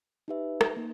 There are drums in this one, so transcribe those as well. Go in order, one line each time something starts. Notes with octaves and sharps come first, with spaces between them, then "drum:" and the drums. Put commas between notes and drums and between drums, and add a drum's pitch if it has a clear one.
D#4 G4 B4 E5
drum: rim click
A#3 D#4